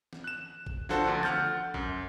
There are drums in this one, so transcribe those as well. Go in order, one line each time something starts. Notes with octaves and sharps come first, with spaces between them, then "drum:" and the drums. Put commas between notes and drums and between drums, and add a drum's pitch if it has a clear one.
drum: snare
F#6 E7
drum: kick A1
F3 D4 F#4 A4 C5
D2 D3
F#5 F6 G6 A6, drum: snare
F#2, drum: kick A1